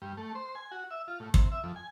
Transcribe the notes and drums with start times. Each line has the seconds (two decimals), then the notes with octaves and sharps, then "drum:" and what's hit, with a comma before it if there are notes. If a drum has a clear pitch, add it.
0.02 G2
0.17 A3
0.35 C5
0.55 G#5
0.71 F#4
0.91 E5
1.08 F4
1.20 A2
1.34 C3, drum: kick
1.52 E5
1.63 F2
1.76 G#5